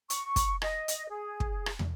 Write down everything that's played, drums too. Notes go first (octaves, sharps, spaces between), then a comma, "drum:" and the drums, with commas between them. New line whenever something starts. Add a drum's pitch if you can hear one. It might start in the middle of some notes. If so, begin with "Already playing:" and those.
C#6, drum: hi-hat
drum: kick, hi-hat
D#5, drum: rim click
drum: hi-hat
G#4
drum: kick
drum: rim click
drum: tom